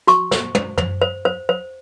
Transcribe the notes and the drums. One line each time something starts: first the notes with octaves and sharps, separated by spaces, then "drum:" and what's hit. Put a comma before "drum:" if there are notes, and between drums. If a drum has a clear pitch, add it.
F#4 C#6, drum: hi-hat
C5, drum: snare
C5, drum: tom
C5, drum: tom
C5
C5
C5